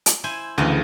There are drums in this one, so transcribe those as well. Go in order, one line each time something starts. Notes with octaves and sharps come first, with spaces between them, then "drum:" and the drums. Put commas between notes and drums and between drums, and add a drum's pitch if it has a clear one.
drum: hi-hat
E4 C5 G#5
D2 C#3 E3 F3 D#5